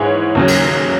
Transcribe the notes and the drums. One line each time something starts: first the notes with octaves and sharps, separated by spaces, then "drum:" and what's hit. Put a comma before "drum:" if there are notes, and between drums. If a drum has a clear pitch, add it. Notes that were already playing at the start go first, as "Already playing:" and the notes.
Already playing: G#2 E3 G#3 C#5
D#2 C#3 F#3
drum: cymbal